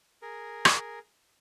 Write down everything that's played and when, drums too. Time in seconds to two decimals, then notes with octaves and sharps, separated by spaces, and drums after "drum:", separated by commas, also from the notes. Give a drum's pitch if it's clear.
0.22 G#4 A#4
0.65 drum: rim click